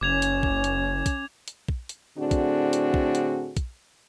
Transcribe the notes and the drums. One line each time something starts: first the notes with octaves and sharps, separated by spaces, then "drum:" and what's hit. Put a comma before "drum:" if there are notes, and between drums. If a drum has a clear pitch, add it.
F#1 C#4 D6 G#6 F7
drum: hi-hat
drum: kick
drum: hi-hat
drum: kick, hi-hat
drum: hi-hat
drum: kick
drum: hi-hat
A2 D3 C4 D4 F#4 G#4
drum: kick, hi-hat
drum: hi-hat
drum: kick
drum: hi-hat
drum: kick, hi-hat